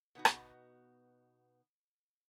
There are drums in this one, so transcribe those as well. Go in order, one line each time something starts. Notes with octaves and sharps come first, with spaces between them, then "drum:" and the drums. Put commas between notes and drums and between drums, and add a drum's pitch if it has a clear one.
B2 B3 D#4 F#4
drum: rim click